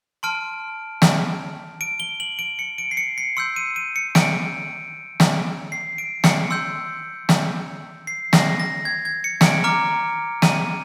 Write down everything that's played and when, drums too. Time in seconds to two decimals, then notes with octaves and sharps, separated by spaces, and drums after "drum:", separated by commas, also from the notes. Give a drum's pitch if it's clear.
0.23 A5 C6 F6 D7
1.02 drum: snare
1.81 D7
2.00 G7
2.20 F#7
2.39 D7
2.59 C#7
2.78 D7
2.91 C7
2.97 C#7
3.18 C7
3.37 C6 E6 G6 C#7
3.56 D#7
3.76 D#7
3.96 C#7
4.15 D7, drum: snare
5.20 drum: snare
5.72 C7
5.98 D7
6.24 C#7, drum: snare
6.50 C6 E6 G6
7.29 drum: snare
8.07 C7
8.33 A#6, drum: snare
8.60 A#6
8.85 G#6
9.05 G#6
9.24 C#7
9.41 C#7, drum: snare
9.45 D7
9.64 A#5 D6 F6
10.42 D#7, drum: snare